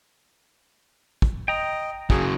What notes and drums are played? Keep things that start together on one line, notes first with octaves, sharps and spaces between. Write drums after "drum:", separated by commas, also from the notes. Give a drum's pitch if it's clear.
drum: kick
D#5 G5 A#5
C#3 F#3 G#4, drum: kick